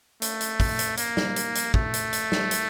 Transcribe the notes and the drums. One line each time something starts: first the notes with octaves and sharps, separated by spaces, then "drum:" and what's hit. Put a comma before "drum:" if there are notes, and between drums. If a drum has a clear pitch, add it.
A3, drum: hi-hat
drum: hi-hat
drum: kick, open hi-hat
drum: hi-hat
A#3, drum: hi-hat
drum: snare
drum: hi-hat
drum: hi-hat
A3, drum: kick
drum: hi-hat
drum: hi-hat
drum: snare
drum: hi-hat